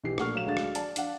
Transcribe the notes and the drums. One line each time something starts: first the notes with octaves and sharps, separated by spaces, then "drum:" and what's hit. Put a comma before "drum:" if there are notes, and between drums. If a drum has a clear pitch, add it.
B1 E3 G4 C7
A#2 A3 D4 F#5 C#6 F6, drum: rim click
F#3 F5 E7
D2 G#3 D4 F#4 F5 A6
drum: rim click
D5 A5, drum: hi-hat
D4 F5 F#5, drum: hi-hat